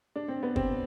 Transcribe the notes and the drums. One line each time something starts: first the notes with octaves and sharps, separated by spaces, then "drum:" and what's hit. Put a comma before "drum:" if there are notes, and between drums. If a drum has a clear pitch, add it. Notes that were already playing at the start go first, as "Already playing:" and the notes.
D4
C4
B3
C4, drum: kick